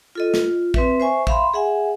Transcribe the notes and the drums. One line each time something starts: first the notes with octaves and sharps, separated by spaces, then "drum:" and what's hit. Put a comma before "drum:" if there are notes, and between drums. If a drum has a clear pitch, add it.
F4 A4 D#5
F4, drum: snare
C4 B4 E5, drum: kick
C5 E5 G#5 C#6
E5 F5 B5 C6, drum: kick
G#4 E5 F#5 G#5